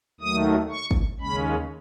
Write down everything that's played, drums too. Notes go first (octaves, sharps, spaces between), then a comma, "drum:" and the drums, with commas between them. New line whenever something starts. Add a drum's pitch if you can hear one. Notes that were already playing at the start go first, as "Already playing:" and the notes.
D#2 D#3 F#3 A3 D#6
C#6
drum: kick
D#2 C#3 G#3 C#4 B5